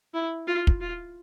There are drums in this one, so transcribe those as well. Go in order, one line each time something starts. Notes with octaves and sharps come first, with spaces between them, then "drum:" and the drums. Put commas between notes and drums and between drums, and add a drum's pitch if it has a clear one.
E4
F4
drum: kick
F4